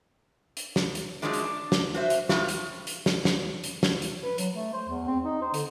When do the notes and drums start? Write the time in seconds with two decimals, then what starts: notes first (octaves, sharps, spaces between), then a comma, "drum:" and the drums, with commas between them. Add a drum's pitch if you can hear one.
0.57 drum: hi-hat
0.76 drum: snare
0.95 drum: hi-hat
1.22 F#2 A#2 F3 F#3 G#3 D4
1.33 drum: hi-hat
1.44 D4
1.72 drum: snare
1.94 F#4 C5 E5
2.10 drum: hi-hat
2.29 F3 G3 F4 F#4, drum: snare
2.49 drum: hi-hat
2.87 drum: hi-hat
3.06 drum: snare
3.25 drum: snare
3.64 drum: hi-hat
3.83 drum: snare
4.02 drum: hi-hat
4.23 B4
4.38 F#3, drum: hi-hat
4.54 A3
4.74 C5
4.89 E2
5.08 C4
5.24 D#4
5.42 C5
5.54 D3, drum: hi-hat